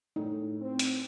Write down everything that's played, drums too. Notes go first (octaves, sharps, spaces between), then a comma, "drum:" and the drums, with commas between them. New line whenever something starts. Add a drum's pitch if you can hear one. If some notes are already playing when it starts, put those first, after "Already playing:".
A2 D#4
C4
drum: hi-hat